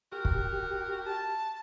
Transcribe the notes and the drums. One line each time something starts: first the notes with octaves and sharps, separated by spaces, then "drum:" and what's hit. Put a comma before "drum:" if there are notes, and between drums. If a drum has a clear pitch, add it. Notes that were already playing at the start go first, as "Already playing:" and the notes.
C4 F#4 G4 A#4
drum: kick
A5